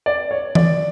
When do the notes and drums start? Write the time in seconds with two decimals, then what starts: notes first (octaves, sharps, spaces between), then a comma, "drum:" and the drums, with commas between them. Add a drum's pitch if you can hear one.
0.06 D5
0.31 C#5
0.55 D5, drum: tom E3